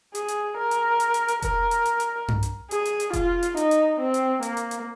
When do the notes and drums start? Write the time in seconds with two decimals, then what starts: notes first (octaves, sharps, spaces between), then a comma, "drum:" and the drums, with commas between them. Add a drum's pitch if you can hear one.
0.15 G#4, drum: hi-hat
0.28 drum: hi-hat
0.58 A#4
0.71 drum: hi-hat
1.00 drum: hi-hat
1.14 drum: hi-hat
1.28 drum: hi-hat
1.42 A#4, drum: kick F1, hi-hat
1.71 drum: hi-hat
1.85 drum: hi-hat
2.00 drum: hi-hat
2.28 drum: tom G2
2.43 drum: hi-hat
2.71 G#4, drum: hi-hat
2.85 drum: hi-hat
3.00 drum: hi-hat
3.13 F4, drum: kick F1, hi-hat
3.43 drum: hi-hat
3.57 D#4, drum: hi-hat
3.71 drum: hi-hat
4.00 C4
4.14 drum: hi-hat
4.43 A#3, drum: hi-hat
4.57 drum: hi-hat
4.71 drum: hi-hat